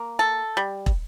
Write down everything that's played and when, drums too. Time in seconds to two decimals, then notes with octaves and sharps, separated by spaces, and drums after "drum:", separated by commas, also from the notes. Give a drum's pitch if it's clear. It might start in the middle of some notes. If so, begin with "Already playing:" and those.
Already playing: A#3
0.19 A4
0.57 G3
0.86 drum: kick